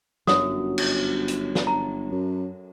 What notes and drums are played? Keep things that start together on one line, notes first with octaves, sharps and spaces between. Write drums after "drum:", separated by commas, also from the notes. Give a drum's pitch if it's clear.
G1 F#2 D#6, drum: snare
drum: cymbal
drum: hi-hat
drum: snare
A4 A#5
F#2